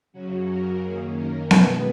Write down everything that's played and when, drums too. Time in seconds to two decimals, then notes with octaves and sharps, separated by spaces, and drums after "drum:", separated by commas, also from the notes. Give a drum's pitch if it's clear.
0.13 F#2 C#3 F#3 C#4 F#4
0.46 A#4
0.81 F#2 D#3 A#3 C#4 G#4
1.16 A#4
1.51 B2 G#3 B3 B4, drum: snare B3